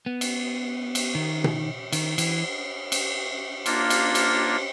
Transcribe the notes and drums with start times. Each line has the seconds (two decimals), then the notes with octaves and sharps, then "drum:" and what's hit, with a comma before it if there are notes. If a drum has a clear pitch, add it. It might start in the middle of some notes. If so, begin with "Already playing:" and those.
0.06 B3
0.21 drum: cymbal
0.95 drum: cymbal
1.15 D#3
1.44 drum: tom B2
1.92 D#3, drum: cymbal
2.18 E3, drum: cymbal
2.92 drum: cymbal
3.66 A#3 D4 F4, drum: cymbal
3.90 drum: cymbal
4.15 drum: cymbal